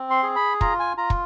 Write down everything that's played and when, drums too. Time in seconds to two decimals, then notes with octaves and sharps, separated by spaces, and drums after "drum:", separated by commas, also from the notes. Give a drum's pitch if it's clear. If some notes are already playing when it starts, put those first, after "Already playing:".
Already playing: C4
0.11 C6
0.23 G#4
0.36 B5
0.61 F4 A#5, drum: kick
0.80 G#5
0.97 F4 A#5
1.10 drum: kick